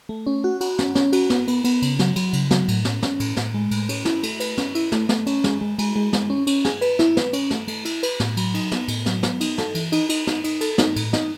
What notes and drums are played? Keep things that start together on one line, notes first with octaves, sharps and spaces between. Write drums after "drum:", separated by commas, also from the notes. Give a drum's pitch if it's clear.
A3
C#4
F#4
F#4, drum: cymbal
C#4, drum: snare
C#4, drum: snare
F#4, drum: cymbal
B3, drum: snare
B3, drum: cymbal
B3, drum: cymbal
C#3, drum: cymbal
F#3, drum: snare
F#3, drum: cymbal
C#3, drum: cymbal
F#3, drum: snare
A2, drum: cymbal
C#4, drum: snare
C#4, drum: snare
A2, drum: cymbal
A2, drum: snare
G#3
A2, drum: cymbal
C#4, drum: cymbal
E4, drum: snare
A3, drum: cymbal
B4, drum: cymbal
C#4, drum: snare
E4, drum: cymbal
A3, drum: snare
A3, drum: snare
C#4, drum: cymbal
G#3, drum: snare
G#3
G#3, drum: cymbal
G#3
G#3, drum: snare
C#4
C#4, drum: cymbal
G#4, drum: snare
B4, drum: cymbal
E4, drum: snare
B4, drum: snare
C#4, drum: cymbal
A3, drum: snare
A3, drum: cymbal
E4, drum: cymbal
B4, drum: cymbal
A2, drum: snare
F#3, drum: cymbal
D#4, drum: cymbal
B3, drum: snare
A2, drum: cymbal
F#3, drum: snare
B3, drum: snare
D#4, drum: cymbal
A4, drum: snare
E3, drum: cymbal
D#4, drum: cymbal
D#4, drum: cymbal
D#4, drum: snare
D#4, drum: cymbal
A4, drum: cymbal
D#4, drum: snare
A2, drum: cymbal
D#4, drum: snare